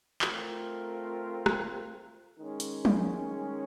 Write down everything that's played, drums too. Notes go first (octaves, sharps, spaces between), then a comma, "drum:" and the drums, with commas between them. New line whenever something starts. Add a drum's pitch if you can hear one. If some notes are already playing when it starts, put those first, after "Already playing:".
A3 C4 F4 A#4, drum: clap
drum: rim click
D#3 G#3 C#4
drum: hi-hat
drum: tom